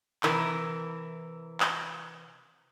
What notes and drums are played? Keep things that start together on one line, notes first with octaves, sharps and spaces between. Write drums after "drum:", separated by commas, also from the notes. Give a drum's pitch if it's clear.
C3 E3 A#4, drum: clap
drum: clap